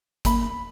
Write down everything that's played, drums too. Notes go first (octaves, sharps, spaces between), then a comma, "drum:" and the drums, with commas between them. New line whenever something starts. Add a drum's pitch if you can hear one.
A#3 B5, drum: kick, hi-hat